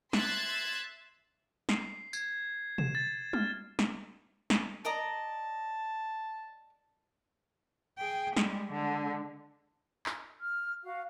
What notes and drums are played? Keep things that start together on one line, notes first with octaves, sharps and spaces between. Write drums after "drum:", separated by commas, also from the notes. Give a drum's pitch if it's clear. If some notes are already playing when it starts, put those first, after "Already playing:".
E5 C6 E6 F#6 G#6 A6, drum: snare
C7, drum: snare
G#6, drum: tambourine
E7, drum: tom B2
A6
F6, drum: tom G3
drum: snare
drum: snare
D5 D#5 A5 A#5
G#4 G5
G3 G#3, drum: snare
D3 G#3
drum: clap
F6
F#4 F5